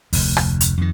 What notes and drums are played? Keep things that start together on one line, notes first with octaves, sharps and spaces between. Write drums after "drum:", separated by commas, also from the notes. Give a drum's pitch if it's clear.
F1 D2, drum: open hi-hat
drum: rim click
drum: hi-hat
F2 D#3